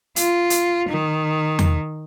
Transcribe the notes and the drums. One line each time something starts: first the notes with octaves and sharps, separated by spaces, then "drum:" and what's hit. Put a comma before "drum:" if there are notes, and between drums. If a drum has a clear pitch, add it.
F4, drum: hi-hat
drum: hi-hat
D#3
drum: tom E2